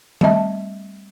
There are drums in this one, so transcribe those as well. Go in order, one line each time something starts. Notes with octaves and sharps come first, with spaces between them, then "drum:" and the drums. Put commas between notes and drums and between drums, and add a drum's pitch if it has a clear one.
G3 A3 C4 D#5 E5 A5, drum: tom D#3